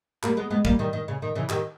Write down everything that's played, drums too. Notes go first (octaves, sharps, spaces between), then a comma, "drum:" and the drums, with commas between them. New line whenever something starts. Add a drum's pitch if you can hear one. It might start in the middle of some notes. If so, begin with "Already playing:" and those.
G3 A#3, drum: clap
G#3 B3
G#3 B3
G3 A#3, drum: kick
D#3 G3
D#3
C#3
D#3
C#3 E3
D#3 G3, drum: clap